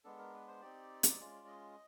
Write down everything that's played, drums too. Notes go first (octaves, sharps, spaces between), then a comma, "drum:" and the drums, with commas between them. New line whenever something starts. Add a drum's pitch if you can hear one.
G#3 B3 D4 A4
A#4
B4
C5
C4 D#4 G4 D5
drum: hi-hat
G#3 C#4 F4
D#5